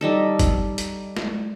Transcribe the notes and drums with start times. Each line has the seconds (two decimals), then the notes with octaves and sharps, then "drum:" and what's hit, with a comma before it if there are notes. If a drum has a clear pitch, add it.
0.01 G3 D#4 A4
0.39 drum: kick G1, hi-hat
0.78 drum: hi-hat
1.17 drum: snare